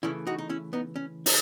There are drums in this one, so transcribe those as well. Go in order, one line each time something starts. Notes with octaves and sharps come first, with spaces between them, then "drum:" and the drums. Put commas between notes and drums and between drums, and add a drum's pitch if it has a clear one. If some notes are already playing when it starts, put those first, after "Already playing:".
C#3 E3 A3 C#4 E4
D#4 F#4
D#4
C#4 E4
B3 D#4
C#4
D#4, drum: open hi-hat